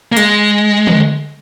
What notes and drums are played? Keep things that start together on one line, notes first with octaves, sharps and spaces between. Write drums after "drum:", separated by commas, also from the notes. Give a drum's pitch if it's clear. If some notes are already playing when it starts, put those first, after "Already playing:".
A#3
G#3, drum: hi-hat
drum: tom D3